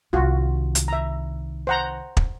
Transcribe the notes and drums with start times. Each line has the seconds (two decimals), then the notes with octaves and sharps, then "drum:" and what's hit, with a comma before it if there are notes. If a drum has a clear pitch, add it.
0.13 C2 D#3 F4 F#4
0.75 drum: hi-hat
0.88 E5 A#5
1.67 C5 F#5 A#5
2.17 drum: kick